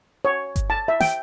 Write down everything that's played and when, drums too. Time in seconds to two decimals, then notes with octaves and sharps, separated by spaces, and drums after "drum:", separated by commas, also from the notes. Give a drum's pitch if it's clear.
0.25 C#5
0.56 drum: kick G1, hi-hat
0.70 A5
0.88 E5
1.01 G5, drum: snare